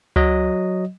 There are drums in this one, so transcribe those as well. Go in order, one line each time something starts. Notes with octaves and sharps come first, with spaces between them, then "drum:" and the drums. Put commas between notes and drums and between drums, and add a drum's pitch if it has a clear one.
F#3 D#5, drum: tom C#2